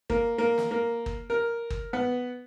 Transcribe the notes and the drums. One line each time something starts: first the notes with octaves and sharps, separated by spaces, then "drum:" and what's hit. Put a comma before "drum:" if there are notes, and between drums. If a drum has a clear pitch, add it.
A#3, drum: kick
A#3
drum: snare
A#3
drum: kick
A#4
drum: kick
B3